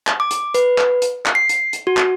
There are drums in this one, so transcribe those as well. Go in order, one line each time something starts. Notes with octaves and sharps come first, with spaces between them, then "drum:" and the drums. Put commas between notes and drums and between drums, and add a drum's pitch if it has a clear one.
drum: clap
D6
drum: hi-hat
B4, drum: hi-hat
drum: clap
drum: hi-hat
drum: clap
C7
drum: hi-hat
drum: hi-hat
F#4
drum: clap